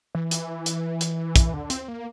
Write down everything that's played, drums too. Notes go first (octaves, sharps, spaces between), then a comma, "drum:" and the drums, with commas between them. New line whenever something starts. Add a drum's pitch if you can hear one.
E3
drum: hi-hat
drum: hi-hat
drum: hi-hat
drum: kick, hi-hat
D3
C4, drum: hi-hat
A#3